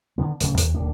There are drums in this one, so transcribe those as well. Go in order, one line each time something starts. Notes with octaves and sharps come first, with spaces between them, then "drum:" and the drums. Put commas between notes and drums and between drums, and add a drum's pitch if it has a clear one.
D3 D#3 B3
D1 C#3, drum: hi-hat
D#2, drum: hi-hat
D1 D#2 A#3 D4